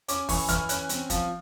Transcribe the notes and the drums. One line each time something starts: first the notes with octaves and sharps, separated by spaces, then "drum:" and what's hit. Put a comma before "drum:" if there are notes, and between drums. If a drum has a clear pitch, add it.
C#4 D6, drum: hi-hat
E3 C#6, drum: kick, open hi-hat
E3 F6, drum: kick, hi-hat
C#4 F#6, drum: hi-hat
C4, drum: hi-hat
F3, drum: kick, hi-hat